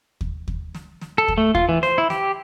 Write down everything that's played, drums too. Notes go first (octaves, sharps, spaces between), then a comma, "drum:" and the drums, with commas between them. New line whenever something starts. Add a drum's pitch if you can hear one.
drum: kick
drum: kick
drum: snare
drum: snare
A4
drum: kick
A3
F4, drum: kick
E3
C5, drum: snare
E4
G4, drum: snare